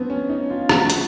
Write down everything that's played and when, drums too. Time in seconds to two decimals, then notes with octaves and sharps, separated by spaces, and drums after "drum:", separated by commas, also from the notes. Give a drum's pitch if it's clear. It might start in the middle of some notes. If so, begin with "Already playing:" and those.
Already playing: A2 F3 B3 C4 D4
0.10 C#4
0.29 D#4
0.50 F4
0.69 A2 F3 F#4, drum: rim click
0.90 drum: hi-hat